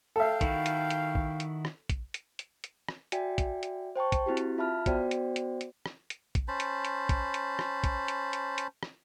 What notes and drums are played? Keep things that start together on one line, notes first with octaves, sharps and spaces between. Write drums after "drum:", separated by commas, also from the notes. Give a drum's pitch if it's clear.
A4 E5 F5 G5
D#3 E4 F#4, drum: kick, hi-hat
drum: hi-hat
drum: hi-hat
drum: kick
drum: hi-hat
drum: rim click
drum: kick, hi-hat
drum: hi-hat
drum: hi-hat
drum: hi-hat
drum: rim click
F#4 D5 E5 G5 G#5, drum: hi-hat
drum: kick, hi-hat
drum: hi-hat
C5 G5 A5 C#6
drum: kick, hi-hat
C4 E4 F#4 G4
drum: hi-hat
F4 E5 A5 B5 F6
B3 F#4 C5 D5 G5, drum: kick, hi-hat
drum: hi-hat
drum: hi-hat
drum: hi-hat
drum: rim click
drum: hi-hat
drum: kick, hi-hat
C#4 C5 A5 B5
drum: hi-hat
drum: hi-hat
drum: kick, hi-hat
drum: hi-hat
drum: rim click
drum: kick, hi-hat
drum: hi-hat
drum: hi-hat
drum: hi-hat
drum: rim click